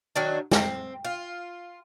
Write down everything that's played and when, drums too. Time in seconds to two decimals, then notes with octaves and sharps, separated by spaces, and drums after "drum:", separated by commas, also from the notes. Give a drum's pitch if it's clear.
0.16 D#3 F#3 D4
0.51 C4, drum: snare
1.05 F4